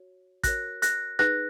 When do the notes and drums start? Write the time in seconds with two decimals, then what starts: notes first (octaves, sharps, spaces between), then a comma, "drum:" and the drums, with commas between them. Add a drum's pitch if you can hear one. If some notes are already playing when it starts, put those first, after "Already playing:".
Already playing: F#4 C#5
0.43 F#4 A#4 C#5 F#6 A#6, drum: kick A1, hi-hat
0.82 F#6 A#6, drum: hi-hat
1.19 D#4 G#4 B4 F#6 A#6, drum: rim click